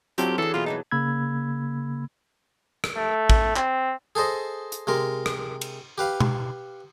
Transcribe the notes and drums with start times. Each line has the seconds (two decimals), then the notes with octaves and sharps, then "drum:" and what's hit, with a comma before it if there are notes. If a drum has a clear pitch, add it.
0.18 F#3 C4 D4 F4 G4 A4 D5, drum: hi-hat
0.38 E3 F#3 G#4 A4
0.54 B2 A#3 F4
0.66 F#3 D#4 G#5 A5
0.91 C#3 A#3 B5 E6 G#6
2.84 drum: rim click
2.97 A3
3.30 drum: kick
3.56 C4, drum: clap
4.15 G#4 A4 C5 D#5
4.72 drum: hi-hat
4.87 C3 G#3 A#4
5.26 drum: rim click
5.61 drum: cymbal
5.98 G4 B4 F5
6.20 drum: tom B2